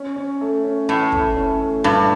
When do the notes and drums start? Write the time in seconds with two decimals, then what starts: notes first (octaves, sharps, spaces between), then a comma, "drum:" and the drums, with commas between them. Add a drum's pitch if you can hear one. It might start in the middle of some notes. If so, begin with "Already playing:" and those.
Already playing: C#4
0.16 C#4
0.41 A3
0.64 C#4
0.89 A2 E3
1.12 A3, drum: kick
1.36 C#4
1.61 A3
1.84 G2 A#2